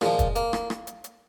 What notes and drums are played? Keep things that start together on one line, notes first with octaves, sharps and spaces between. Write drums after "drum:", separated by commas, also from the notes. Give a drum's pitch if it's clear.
A#2 F3 G#3, drum: rim click
drum: kick, hi-hat
A#3, drum: hi-hat
drum: rim click
drum: rim click
drum: hi-hat
drum: hi-hat